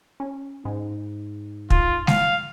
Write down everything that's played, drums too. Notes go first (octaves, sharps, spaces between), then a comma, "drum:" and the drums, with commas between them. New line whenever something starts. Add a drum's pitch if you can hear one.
C#4
G#2
F4, drum: kick
F5, drum: snare G#3